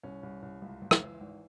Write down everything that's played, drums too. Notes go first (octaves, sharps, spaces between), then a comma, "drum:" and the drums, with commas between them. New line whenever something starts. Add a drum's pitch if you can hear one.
C2 C#4
C2
C2
C#2
C#2
drum: rim click
E3
G#1